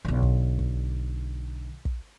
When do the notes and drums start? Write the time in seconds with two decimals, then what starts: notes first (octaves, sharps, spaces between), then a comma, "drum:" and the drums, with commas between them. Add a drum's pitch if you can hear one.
0.05 B1 D3
0.23 drum: kick
0.59 drum: kick
1.85 drum: kick